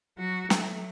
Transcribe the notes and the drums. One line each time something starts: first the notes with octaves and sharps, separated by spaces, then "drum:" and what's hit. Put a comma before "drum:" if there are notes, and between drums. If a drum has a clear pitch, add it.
F#3 F#4
F#3 A3, drum: snare